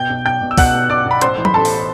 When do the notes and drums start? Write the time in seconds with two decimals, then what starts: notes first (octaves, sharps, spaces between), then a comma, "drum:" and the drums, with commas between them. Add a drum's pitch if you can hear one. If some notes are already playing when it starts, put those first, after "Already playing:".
Already playing: B2 G5 G6
0.10 B1
0.25 B1 G5 G6
0.42 B2
0.51 E6
0.58 B2 F#5 F#6, drum: kick, open hi-hat
0.74 B2
0.89 B1 D5 D6
1.06 B1 B5
1.21 A1 C5 C6, drum: hi-hat
1.38 E3
1.45 B5, drum: tom F#3
1.54 A1 A4 A5
1.65 drum: open hi-hat